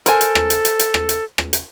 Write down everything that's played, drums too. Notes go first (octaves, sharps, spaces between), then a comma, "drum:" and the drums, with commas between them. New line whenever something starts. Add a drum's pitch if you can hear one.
A4 A#4 C5 G#5, drum: hi-hat
drum: hi-hat
drum: rim click
drum: hi-hat
drum: hi-hat
drum: hi-hat
drum: rim click
drum: hi-hat
drum: rim click
drum: hi-hat